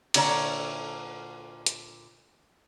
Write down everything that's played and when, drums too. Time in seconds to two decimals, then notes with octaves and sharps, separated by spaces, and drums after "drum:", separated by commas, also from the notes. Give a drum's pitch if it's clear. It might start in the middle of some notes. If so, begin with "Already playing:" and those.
0.14 A#2 D3 C#5 D5 A#5, drum: cymbal
1.66 drum: hi-hat